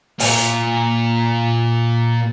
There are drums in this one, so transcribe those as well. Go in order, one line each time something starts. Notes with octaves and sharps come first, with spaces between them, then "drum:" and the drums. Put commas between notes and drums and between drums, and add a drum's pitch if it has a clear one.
A#2 F4, drum: open hi-hat